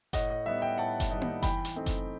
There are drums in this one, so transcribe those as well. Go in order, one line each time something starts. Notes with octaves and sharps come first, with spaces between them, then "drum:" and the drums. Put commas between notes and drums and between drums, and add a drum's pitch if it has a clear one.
A2 D#5 F#5, drum: kick F#1, hi-hat
D#5
G3 B3 D#4 E5
E5 G5
A2 F#5 A5
drum: kick F#1, hi-hat
G3 B3 D#4
drum: tom A#3
E3 G5 B5, drum: kick F#1, hi-hat
drum: hi-hat
A3 C4 D#4
drum: kick F#1, hi-hat